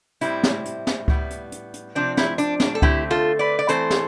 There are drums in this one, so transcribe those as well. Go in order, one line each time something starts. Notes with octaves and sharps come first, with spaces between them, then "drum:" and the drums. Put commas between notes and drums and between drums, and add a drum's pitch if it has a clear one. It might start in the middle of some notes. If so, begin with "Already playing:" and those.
A2 G3 C4 E4, drum: hi-hat
drum: snare
drum: hi-hat
drum: snare
A2 G3 B3, drum: kick C#2
drum: hi-hat
drum: hi-hat
drum: hi-hat
C3 F3 C4 D4
E4, drum: snare
D4, drum: hi-hat
D4, drum: snare
A4
D3 A3 C4 E4 G4, drum: kick C#2
F4 A4
B4 D5
D5
E3 A3 C4 A4 C5, drum: hi-hat
drum: snare